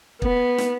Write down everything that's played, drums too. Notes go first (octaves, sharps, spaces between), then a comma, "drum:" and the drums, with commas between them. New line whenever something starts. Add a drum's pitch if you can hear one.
B3, drum: kick
drum: snare